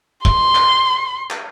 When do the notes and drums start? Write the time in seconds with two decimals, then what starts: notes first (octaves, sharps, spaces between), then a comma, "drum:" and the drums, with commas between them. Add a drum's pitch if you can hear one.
0.25 C6, drum: kick
0.55 drum: clap
1.30 drum: clap